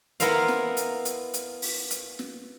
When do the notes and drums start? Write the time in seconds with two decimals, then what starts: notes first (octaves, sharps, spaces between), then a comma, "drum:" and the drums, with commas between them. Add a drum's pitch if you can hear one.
0.20 B3 E4 A#4 C5 F5, drum: hi-hat
0.48 drum: snare
0.77 drum: hi-hat
1.05 drum: hi-hat
1.34 drum: hi-hat
1.62 drum: open hi-hat
1.90 drum: hi-hat
2.19 drum: snare